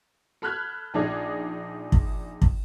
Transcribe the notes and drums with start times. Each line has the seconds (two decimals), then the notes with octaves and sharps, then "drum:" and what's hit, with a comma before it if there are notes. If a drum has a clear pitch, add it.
0.42 A4 B5 F6 F#6 G#6
0.94 A#1 D4 D#4 G#4 D5 G#6
1.92 drum: kick
2.42 drum: kick